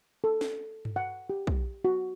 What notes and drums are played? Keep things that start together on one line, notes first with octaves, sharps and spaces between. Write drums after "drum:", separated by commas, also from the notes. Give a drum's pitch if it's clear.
A4
drum: snare
drum: tom G2
F#5
G4
drum: kick
F#4